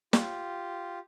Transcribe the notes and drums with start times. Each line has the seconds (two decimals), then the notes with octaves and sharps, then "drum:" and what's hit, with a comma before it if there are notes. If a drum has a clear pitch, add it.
0.13 F4 G4, drum: snare